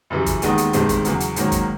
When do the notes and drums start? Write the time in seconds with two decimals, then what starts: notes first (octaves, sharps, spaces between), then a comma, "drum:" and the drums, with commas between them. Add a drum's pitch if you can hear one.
0.10 F#2 C#3 E3 G3
0.26 drum: kick, hi-hat
0.42 D#2 D#3 G#3 B3 D#4, drum: hi-hat
0.58 drum: hi-hat
0.73 G1 G2 D#3 G#3 C4, drum: hi-hat
0.89 drum: kick, hi-hat
1.05 E2 C#3 F#3, drum: hi-hat
1.20 drum: hi-hat
1.36 G#2 D#3 F#3 A#3 C#4, drum: hi-hat
1.52 drum: kick, hi-hat